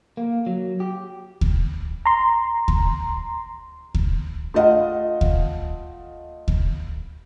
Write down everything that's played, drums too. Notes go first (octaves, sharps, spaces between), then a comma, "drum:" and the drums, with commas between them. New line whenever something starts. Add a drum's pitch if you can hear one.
A#3
F#3
G4
drum: kick D2
A#5 C6
drum: kick D2
drum: kick D2
A3 F4 D#5 F5 F#5
drum: kick D2
drum: kick D2